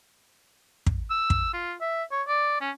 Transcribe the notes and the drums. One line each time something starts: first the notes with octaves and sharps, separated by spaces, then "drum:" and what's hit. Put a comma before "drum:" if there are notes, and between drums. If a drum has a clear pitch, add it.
drum: kick
E6
drum: kick
F4
E5
C#5
D5
C#4